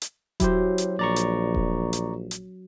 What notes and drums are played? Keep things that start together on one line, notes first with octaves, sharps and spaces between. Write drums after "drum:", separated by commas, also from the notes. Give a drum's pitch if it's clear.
drum: hi-hat
F#3 E4 G4 C5, drum: kick D#1, hi-hat
drum: hi-hat
A#1 D5 A#5 C#6
drum: hi-hat
drum: kick D#1
drum: hi-hat
drum: hi-hat